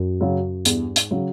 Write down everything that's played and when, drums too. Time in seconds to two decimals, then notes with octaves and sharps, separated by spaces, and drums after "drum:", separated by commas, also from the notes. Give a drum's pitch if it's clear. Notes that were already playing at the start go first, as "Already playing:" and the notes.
Already playing: F#2
0.21 C#3 F#3
0.65 E2 G2, drum: hi-hat
0.96 G#2, drum: hi-hat
1.11 C#3 F#3